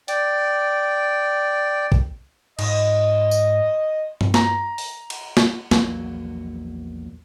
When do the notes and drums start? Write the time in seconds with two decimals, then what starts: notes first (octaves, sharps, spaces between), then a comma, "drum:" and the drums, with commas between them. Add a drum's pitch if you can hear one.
0.08 D5 G5, drum: hi-hat
1.92 drum: kick
2.59 G#2 D#5, drum: cymbal
3.31 drum: tambourine
4.21 drum: tom G2
4.34 A#5, drum: snare
4.78 drum: open hi-hat
5.10 drum: cymbal
5.37 drum: snare
5.71 A#1 E2 F#3 A#3, drum: snare